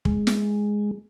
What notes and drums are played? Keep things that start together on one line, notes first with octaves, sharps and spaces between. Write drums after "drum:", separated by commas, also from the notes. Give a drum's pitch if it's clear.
G#3, drum: kick
drum: snare